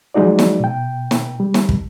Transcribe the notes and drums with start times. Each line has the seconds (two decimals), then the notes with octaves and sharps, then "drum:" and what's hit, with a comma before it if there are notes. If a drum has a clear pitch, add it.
0.14 F3 F#3 G#3 D#4 F#4 D5
0.39 drum: snare
0.60 B2 G5
1.11 drum: snare
1.40 G3
1.54 drum: snare
1.69 drum: kick